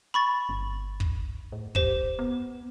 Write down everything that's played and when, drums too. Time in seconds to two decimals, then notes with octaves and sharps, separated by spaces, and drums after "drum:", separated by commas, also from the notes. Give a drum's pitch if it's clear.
0.14 B5 C#6 A6
0.49 G1
1.00 drum: kick
1.52 A2
1.75 D#1 G4 C5 E7, drum: kick
2.19 B3